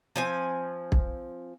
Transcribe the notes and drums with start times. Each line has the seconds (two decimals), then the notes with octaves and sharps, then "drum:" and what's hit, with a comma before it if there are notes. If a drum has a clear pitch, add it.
0.16 F3 C4 G#5
0.92 drum: kick